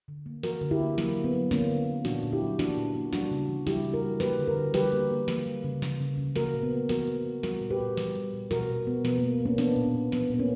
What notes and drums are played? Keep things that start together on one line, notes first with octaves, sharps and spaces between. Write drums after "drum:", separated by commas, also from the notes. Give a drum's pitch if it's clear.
D3
A#3
A#3 F#4 A#4, drum: snare
D3
E4 G4
A#3
F#3 A#3, drum: snare
F#3
B3
F#3
D3 A#3 C#4, drum: snare
D3
D3
A#2 D4 F#4, drum: snare
A#2
E4 G4
F#3
A#3 D4 F#4, drum: snare
A#2
A#3
G3 D4 F#4, drum: snare
C#3
E3
G3 E4 G4, drum: snare
C#3
F#4 A#4
G3
A#3 G4 B4, drum: snare
D3
F#4 A#4
D3
G3 G4 B4, drum: snare
A#3
A#3
A#3, drum: snare
G3
C#3
C#3, drum: snare
C#3
C#3
A#3 F#4 A#4, drum: snare
A#2
B3
A#3
A#3 F#4 A#4, drum: snare
A#3
A#3
G3 F#4 A#4, drum: snare
A#2
G4 B4
A#2
G3, drum: snare
G3
A#2
B2 F#4 A#4, drum: snare
B2
B2 B3
B2 B3, drum: snare
B2 A#3
B2
A#3 C#4
A#3 B3 D4, drum: snare
A#2
A#2
A#2 B3, drum: snare
A#2 B3
A#3 C#4